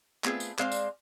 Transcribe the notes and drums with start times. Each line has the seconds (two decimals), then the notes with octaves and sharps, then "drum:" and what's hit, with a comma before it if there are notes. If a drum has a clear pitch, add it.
0.24 A3 B3 C4 F4 G#4 B4, drum: clap
0.40 drum: tambourine
0.59 G#3 C4 C5 D5 F5, drum: clap
0.72 drum: tambourine